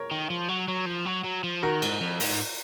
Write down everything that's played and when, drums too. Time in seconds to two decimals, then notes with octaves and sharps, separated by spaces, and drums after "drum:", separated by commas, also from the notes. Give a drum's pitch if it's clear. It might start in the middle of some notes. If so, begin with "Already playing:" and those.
Already playing: A#4 C#5
0.11 D#3
0.30 F3
0.49 F#3
0.68 F#3
0.86 F3
1.06 F#3
1.24 F#3
1.44 F3
1.63 D#3 F#4 A#4
1.82 G#2, drum: cymbal
2.01 F2
2.20 G#2, drum: open hi-hat